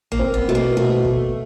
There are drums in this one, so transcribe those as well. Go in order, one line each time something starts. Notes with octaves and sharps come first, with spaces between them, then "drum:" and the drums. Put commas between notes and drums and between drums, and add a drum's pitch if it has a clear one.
A#3, drum: tom
C4
B3
B2 A3
A#3
B2 A3
drum: kick